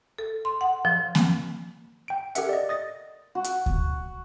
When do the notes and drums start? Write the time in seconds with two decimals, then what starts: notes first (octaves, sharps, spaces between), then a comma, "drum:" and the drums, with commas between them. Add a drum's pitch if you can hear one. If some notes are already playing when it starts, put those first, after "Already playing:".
0.18 A4
0.45 C6
0.61 F#5
0.85 F3
1.15 drum: snare A#3
2.08 G5 D7
2.35 G4 A4 A#4 E5 F#5, drum: hi-hat
2.49 D5 D#5
2.69 D#6 A6 A#6
3.35 F#4
3.44 drum: hi-hat
3.66 drum: kick D2